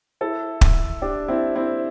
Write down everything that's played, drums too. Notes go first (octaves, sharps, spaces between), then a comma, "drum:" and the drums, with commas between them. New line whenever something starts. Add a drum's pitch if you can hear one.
E4 A4
drum: kick
D4 G4
C4 E4
C4 E4